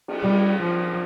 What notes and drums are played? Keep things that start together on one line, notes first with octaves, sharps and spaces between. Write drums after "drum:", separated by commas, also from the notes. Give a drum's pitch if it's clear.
drum: cymbal
G3
F3